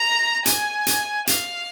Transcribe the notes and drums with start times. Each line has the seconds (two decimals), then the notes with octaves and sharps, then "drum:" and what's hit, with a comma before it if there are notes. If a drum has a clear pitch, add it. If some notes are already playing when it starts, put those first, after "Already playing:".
Already playing: A#5
0.46 G#5, drum: hi-hat
0.86 drum: hi-hat
1.27 F5, drum: hi-hat